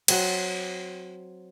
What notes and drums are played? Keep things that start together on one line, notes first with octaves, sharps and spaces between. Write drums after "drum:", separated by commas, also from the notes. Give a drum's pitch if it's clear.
F#3 C4, drum: cymbal